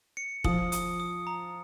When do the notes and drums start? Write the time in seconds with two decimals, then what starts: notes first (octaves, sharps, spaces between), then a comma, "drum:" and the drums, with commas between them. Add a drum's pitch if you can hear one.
0.17 C#7
0.44 F3 D#6, drum: kick
0.72 D#6, drum: hi-hat
1.00 D#6
1.27 A#5